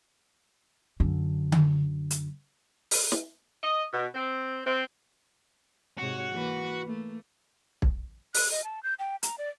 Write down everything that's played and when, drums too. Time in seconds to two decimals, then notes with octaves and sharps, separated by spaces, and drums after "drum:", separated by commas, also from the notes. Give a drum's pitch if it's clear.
1.00 F#2 D3
1.52 drum: tom D3
2.11 drum: hi-hat
2.91 drum: open hi-hat
3.12 drum: snare
3.63 D#5
3.93 B2
4.15 C4
4.66 C4
5.98 G#2 C3 F#4 C#5
6.31 E3 A#3 B4
6.85 A3 A#3
7.82 drum: kick
8.34 F#6, drum: open hi-hat
8.51 D#5
8.64 A5
8.83 G6
8.99 G5
9.23 A#5, drum: hi-hat
9.38 D5